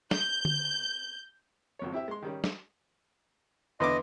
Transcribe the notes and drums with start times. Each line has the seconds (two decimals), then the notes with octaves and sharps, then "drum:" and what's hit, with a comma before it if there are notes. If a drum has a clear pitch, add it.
0.11 G6, drum: snare
0.45 drum: tom D3
1.79 G#1 F2 C#5
1.92 C4 E4 G4 E5
2.08 G#3 C6
2.23 D#3 G3 C#4
2.44 drum: snare
3.80 E2 D3 B4 D#5 C6 D6